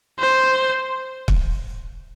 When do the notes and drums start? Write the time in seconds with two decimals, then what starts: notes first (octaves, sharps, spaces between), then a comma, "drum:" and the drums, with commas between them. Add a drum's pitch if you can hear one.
0.19 C5
1.28 drum: kick